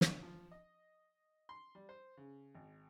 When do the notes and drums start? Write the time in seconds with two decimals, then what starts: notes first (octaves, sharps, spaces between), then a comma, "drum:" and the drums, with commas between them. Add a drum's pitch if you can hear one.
0.01 drum: snare
0.23 F3
0.51 D#5
1.49 C6
1.75 G3
1.89 C5
2.17 C#3
2.54 G#1